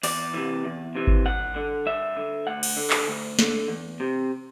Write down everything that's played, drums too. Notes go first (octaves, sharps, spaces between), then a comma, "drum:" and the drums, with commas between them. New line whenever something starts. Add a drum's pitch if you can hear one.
E2 D5, drum: open hi-hat
C3 E3
E2
C3 E3
drum: kick G#1
G2 F#5
D3
G2 E5
D3
D2 F#5
drum: cymbal
D3
drum: clap
D2
D3, drum: snare
E2
C3